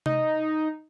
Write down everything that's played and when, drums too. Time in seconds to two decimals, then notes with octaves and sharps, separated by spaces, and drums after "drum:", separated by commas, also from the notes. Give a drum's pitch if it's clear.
0.06 D#4, drum: tom C3